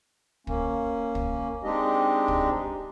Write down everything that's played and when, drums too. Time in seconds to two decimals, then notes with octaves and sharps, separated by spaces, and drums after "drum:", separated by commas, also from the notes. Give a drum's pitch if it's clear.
0.47 A#3 C#4, drum: kick
1.15 drum: kick
1.63 G#3 C4 D4 D#4 G4 D#5
2.28 drum: kick